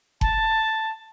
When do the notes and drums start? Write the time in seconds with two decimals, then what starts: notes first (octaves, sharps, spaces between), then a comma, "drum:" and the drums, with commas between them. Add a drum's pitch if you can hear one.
0.21 A5, drum: kick F#1